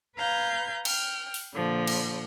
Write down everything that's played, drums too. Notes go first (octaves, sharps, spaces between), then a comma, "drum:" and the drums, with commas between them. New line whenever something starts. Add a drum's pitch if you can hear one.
B4 F5 A#5 G6 G#6
G5 F6, drum: cymbal
drum: open hi-hat
A#2 D3 F3
drum: cymbal